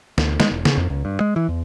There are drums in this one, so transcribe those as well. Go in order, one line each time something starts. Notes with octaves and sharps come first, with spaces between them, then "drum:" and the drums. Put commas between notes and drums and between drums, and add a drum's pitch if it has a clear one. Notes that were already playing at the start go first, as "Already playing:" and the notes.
D2, drum: snare
G#3, drum: snare
E1
C#3, drum: snare
F2
C#2
G2
G#3
E3
E2